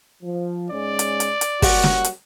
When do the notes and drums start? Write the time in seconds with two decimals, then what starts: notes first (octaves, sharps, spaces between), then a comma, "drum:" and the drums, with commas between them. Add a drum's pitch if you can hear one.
0.22 F3
0.70 G#2 G#3 C#4 D5
0.99 drum: hi-hat
1.20 drum: hi-hat
1.41 drum: hi-hat
1.62 F#3 G3 A#3 F#4, drum: kick, open hi-hat
1.83 drum: snare
2.04 drum: hi-hat